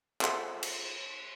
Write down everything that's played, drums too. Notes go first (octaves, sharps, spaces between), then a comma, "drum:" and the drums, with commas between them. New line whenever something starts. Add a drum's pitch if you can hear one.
F4 G#4 A4 C5 E5 F#5, drum: clap
drum: cymbal